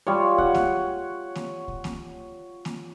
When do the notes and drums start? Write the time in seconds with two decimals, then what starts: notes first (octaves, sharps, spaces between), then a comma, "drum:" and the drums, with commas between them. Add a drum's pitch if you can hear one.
0.07 G3 F4 C#5
0.38 F#5, drum: kick C2
0.54 drum: snare A#3
1.35 drum: snare A#3
1.68 drum: kick C2
1.84 drum: snare A#3
2.65 drum: snare A#3